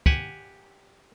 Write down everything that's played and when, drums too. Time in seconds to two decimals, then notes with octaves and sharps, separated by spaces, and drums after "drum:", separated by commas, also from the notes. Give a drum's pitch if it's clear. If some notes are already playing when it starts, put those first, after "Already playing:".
0.06 G4 F#5 G#5, drum: kick